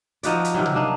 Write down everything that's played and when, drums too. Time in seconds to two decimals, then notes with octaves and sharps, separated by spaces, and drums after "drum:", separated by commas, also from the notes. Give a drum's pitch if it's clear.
0.23 F3 D#4 F#4 D5, drum: hi-hat
0.44 drum: hi-hat
0.54 C3 D#3 F#3
0.66 drum: tom C3
0.75 A#3 D4 D#4